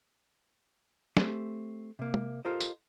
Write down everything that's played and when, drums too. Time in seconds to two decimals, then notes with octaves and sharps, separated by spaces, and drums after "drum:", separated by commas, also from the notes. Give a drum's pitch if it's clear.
1.17 A3 C4 G4, drum: snare
1.99 C3 A#3
2.14 drum: tom
2.45 F4 G4 A4 A#4 C5 D#5
2.60 drum: tambourine